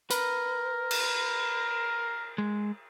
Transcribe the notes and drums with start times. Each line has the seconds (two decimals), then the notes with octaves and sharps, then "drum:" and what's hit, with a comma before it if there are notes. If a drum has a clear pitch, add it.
0.11 A#4 B4, drum: hi-hat
0.91 drum: cymbal
2.38 G#3